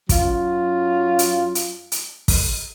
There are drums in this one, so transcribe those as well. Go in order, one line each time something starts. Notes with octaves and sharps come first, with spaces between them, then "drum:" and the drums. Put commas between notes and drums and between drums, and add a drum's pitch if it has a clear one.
F#2 F#3 F4, drum: kick, hi-hat
drum: hi-hat
drum: hi-hat
drum: hi-hat
drum: kick, open hi-hat